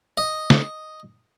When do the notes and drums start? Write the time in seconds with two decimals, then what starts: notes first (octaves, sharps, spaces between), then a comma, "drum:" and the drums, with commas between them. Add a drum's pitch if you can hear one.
0.18 D#5
0.50 drum: snare